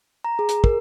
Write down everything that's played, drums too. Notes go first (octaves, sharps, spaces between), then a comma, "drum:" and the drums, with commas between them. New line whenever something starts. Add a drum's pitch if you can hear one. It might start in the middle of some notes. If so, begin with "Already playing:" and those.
A#5
G#4
drum: hi-hat
A#4, drum: kick